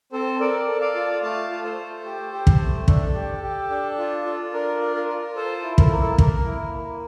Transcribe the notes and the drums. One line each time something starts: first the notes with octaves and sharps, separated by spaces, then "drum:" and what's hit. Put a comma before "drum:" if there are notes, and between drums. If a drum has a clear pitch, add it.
C4 A4 C5
A4 A#4 D5
A4
D5 F5
F4
A3 F5 A5
F4
A4 C5
A3
G4
G4
drum: kick
A3
D4 A4, drum: kick
G4
G4
D4
F4
F4
D4 A#4
F4
A#4
F4
A4 C5
E4
A#4, drum: kick
A4
A#3
A4
A#3 A#4, drum: kick
E4
A#3